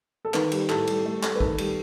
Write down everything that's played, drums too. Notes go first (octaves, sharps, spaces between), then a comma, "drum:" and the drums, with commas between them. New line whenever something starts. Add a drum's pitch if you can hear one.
A4
D#3 B4, drum: clap
G3, drum: cymbal
A2 A4, drum: clap
G3, drum: cymbal
A3
A3, drum: clap
B4
D#3 A4, drum: kick
G3, drum: cymbal